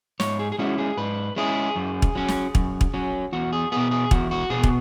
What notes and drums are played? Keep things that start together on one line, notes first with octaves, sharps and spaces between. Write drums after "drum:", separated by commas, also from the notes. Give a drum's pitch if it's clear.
G#2 C#5, drum: snare
G#4
G#4
G#3 C#4 E4 F#4
G#4
G#2 B4
G#3 C#4 E4 G#4
F#2
drum: kick
F#3 C#4
drum: snare
F#2, drum: kick
drum: kick
F#3 C#4
E2 F#4
G#4
B2 B3 G#4
G#4
E2 F#4, drum: kick
F#4
B2 B3 G#4
drum: kick